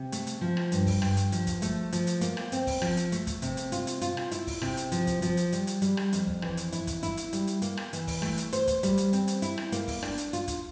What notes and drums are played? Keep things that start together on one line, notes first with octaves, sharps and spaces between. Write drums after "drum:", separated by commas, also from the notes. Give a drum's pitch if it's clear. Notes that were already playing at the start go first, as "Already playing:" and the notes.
Already playing: C3
A3, drum: hi-hat
drum: hi-hat
F3
drum: rim click
G2, drum: hi-hat
drum: kick, open hi-hat
G2, drum: rim click
drum: hi-hat
F3, drum: hi-hat
drum: kick, hi-hat
A3, drum: hi-hat
F3, drum: hi-hat
drum: hi-hat
A#3, drum: hi-hat
drum: rim click
C4, drum: hi-hat
drum: kick, open hi-hat
F3, drum: rim click
drum: hi-hat
A3, drum: hi-hat
drum: kick, hi-hat
C3, drum: hi-hat
drum: hi-hat
F4, drum: hi-hat
drum: hi-hat
F4, drum: hi-hat
drum: rim click
E4, drum: hi-hat
drum: kick, open hi-hat
C3, drum: rim click
drum: hi-hat
F3, drum: hi-hat
drum: kick, hi-hat
F3, drum: hi-hat
drum: hi-hat
G3, drum: hi-hat
drum: hi-hat
G3, drum: hi-hat
drum: rim click
F2, drum: hi-hat
drum: kick
E3, drum: rim click
drum: hi-hat
E4, drum: hi-hat
drum: kick, hi-hat
E4, drum: hi-hat
drum: hi-hat
G3, drum: hi-hat
drum: hi-hat
A#3, drum: hi-hat
drum: rim click
E3, drum: hi-hat
drum: kick, open hi-hat
A3, drum: rim click
drum: hi-hat
C5, drum: hi-hat
drum: kick, hi-hat
G3, drum: hi-hat
drum: hi-hat
C4, drum: hi-hat
drum: hi-hat
E4, drum: hi-hat
drum: rim click
A#3, drum: hi-hat
drum: kick, open hi-hat
D4, drum: rim click
drum: hi-hat
F4, drum: hi-hat
drum: kick, hi-hat